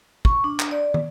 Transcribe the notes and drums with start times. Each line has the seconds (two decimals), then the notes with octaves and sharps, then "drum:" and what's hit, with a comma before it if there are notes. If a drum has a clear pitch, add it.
0.25 C#6, drum: kick
0.44 D4
0.60 drum: clap
0.71 D5
0.94 drum: tom